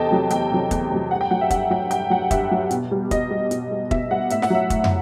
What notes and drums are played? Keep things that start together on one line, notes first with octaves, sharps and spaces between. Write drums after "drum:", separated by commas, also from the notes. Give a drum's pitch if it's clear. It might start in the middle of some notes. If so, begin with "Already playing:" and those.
Already playing: E2 C3 A4 D#5 G5 A5
C3 F#3
E2 G5, drum: hi-hat
C3 F#3
E2, drum: kick, hi-hat
C3 F#3
G2 F#5
G5
F#3 F#5
E5
G2 F#5, drum: kick, hi-hat
F#3 G5
G2 G5, drum: hi-hat
F#3 F#5
G2 E5, drum: kick, hi-hat
F#3
B2, drum: hi-hat
G3
B2 D#5, drum: kick, hi-hat
G3
B2, drum: hi-hat
G3
B2 E5, drum: kick
G3 F#5
A2 E5, drum: hi-hat
F#5, drum: snare
F#3 E5
A2, drum: kick, hi-hat
drum: tom